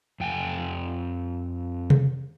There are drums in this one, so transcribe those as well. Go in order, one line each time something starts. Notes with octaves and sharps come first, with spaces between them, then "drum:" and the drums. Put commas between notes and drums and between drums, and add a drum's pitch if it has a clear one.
F2 G5 G#5
drum: tom C3